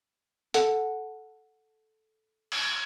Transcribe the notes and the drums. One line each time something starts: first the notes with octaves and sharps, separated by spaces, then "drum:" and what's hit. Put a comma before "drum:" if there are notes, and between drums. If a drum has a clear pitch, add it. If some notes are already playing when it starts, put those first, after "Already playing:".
A4 F#5, drum: hi-hat
drum: cymbal